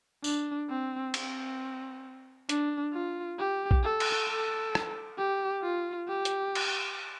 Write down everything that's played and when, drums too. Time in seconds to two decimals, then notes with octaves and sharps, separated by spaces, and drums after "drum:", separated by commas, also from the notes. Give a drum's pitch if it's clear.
0.24 D4, drum: tambourine
0.69 C4
1.14 C4, drum: cymbal
2.49 D4, drum: hi-hat
2.93 F4
3.38 G4
3.71 drum: kick A#1
3.83 A4
4.00 drum: cymbal
4.28 A4
4.75 drum: rim click
5.18 G4
5.63 F4
6.08 G4
6.25 drum: hi-hat
6.55 drum: cymbal